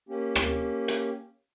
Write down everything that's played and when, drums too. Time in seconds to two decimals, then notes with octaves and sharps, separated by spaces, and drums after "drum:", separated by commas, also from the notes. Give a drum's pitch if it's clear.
0.09 A#3 C#4 G4
0.35 drum: rim click
0.88 drum: hi-hat